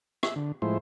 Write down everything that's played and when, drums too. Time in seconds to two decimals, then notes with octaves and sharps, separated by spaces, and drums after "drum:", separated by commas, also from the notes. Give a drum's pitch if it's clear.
0.23 E5, drum: rim click
0.36 D3
0.62 A2 F3 G#3 E4 C5